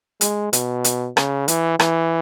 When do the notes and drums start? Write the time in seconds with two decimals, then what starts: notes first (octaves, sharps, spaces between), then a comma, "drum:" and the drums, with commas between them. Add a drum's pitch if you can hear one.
0.21 G#3, drum: hi-hat
0.53 B2, drum: hi-hat
0.84 drum: hi-hat
1.17 C#3, drum: rim click
1.48 E3, drum: hi-hat
1.80 E3, drum: rim click